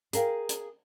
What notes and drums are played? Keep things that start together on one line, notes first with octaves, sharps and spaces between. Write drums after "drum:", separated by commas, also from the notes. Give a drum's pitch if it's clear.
G#4 A#4 F5 G5, drum: hi-hat
drum: hi-hat